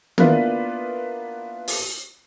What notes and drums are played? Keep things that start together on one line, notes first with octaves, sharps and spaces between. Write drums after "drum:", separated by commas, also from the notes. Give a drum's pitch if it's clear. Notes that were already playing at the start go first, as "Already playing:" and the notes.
A#3 B3 D4 E4 F4 B4, drum: tom D#3
drum: open hi-hat